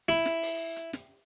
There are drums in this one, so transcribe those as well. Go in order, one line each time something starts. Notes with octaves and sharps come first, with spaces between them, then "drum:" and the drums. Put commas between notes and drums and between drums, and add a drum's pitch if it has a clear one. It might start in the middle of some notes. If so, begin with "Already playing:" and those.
E4, drum: hi-hat
drum: snare
drum: open hi-hat
drum: hi-hat
drum: snare